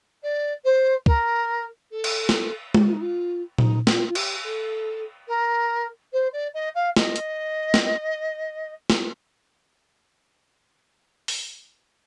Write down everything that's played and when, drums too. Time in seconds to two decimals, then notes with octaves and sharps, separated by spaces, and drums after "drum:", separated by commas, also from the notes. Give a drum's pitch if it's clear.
0.23 D5
0.64 C5
1.06 A#4, drum: kick
1.91 A4
2.04 drum: cymbal
2.29 drum: snare
2.74 G4, drum: tom G#3
2.83 F4
2.92 D#4
3.01 F4
3.58 D#4, drum: tom A#2
3.87 F4, drum: snare
4.08 F4
4.15 G4, drum: cymbal
4.43 A4
5.27 A#4
6.12 C5
6.32 D5
6.54 D#5
6.74 F5
6.97 D#5, drum: snare
7.16 drum: hi-hat
7.74 drum: snare
8.90 drum: snare
11.28 drum: open hi-hat